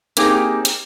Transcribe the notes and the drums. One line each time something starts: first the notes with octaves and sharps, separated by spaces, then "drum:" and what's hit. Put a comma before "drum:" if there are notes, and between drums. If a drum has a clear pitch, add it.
A#3 C4 D#4 G4 G#4, drum: hi-hat
drum: hi-hat